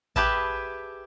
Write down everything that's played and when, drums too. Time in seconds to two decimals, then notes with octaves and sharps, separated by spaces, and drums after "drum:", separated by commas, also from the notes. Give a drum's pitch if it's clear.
0.16 G4 G#4 B4 E5 A5, drum: kick A1